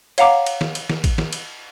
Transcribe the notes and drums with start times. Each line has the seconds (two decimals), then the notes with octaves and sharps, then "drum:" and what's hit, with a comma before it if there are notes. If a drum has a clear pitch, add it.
0.18 C#5 F5 F#5 A#5 D6, drum: cymbal
0.46 drum: cymbal
0.61 drum: snare
0.75 drum: cymbal
0.90 drum: snare
1.04 drum: kick A1, cymbal
1.18 drum: snare
1.33 drum: cymbal